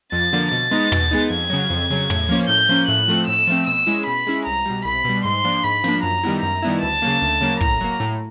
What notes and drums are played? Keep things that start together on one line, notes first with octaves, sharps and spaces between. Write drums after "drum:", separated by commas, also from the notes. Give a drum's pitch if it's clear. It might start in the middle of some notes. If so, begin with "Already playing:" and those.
F2 A6
D3 F3 A#3
B2 A6
G#3 B3 D#4
B2, drum: tom
G#3 B3 D#4
F2 G#6
C#3 F#3
F2
C#3 F#3
A2, drum: tom
F3 A#3 C#4
A2 G6
F3 A#3 C#4
A2 F#6
F3 A3 C4
A2 E6
F3 A3 C4, drum: hi-hat
B2 E6
G#3 C#4 E4
B2 B5
G#3 C#4 E4
C2 A#5
B2 G3
C2 B5
B2 G3
G#2 C6
F3 A#3 D4
G#2 B5
F3 A#3 D4, drum: snare
F#2 A#5
D#3 G3 B3 E4, drum: hi-hat
F#2 A#5
D#3 G3 B3 E4
D2 A5
C#3 F#3 A#3
D2
C#3 F#3 A#3
A2 A#5, drum: kick
F#3 A#3
A2